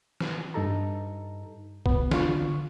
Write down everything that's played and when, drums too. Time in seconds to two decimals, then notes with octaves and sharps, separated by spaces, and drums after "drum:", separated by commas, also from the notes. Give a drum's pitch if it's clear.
0.21 drum: snare
0.54 G2 D#4 A4 A#5
1.86 B3, drum: kick
2.11 D3 F4 C#6, drum: snare